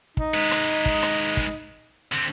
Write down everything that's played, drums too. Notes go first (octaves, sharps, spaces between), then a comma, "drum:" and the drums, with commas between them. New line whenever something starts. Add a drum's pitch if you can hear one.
D#4, drum: kick
G#3 B4
drum: rim click
drum: kick
drum: rim click
drum: kick
D3 C4